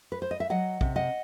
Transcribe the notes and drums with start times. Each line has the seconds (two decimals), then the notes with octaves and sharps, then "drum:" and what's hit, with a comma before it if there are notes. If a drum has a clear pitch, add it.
0.12 B4
0.22 C5
0.31 D#5
0.40 E5
0.50 F#3 D#5 F#5
0.81 C3, drum: kick
0.96 D#5 F#5